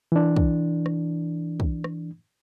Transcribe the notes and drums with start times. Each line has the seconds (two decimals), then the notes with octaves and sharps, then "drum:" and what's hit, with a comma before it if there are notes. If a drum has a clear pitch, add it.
0.12 E3 D4
0.36 drum: kick
0.86 drum: rim click
1.60 drum: kick
1.84 drum: rim click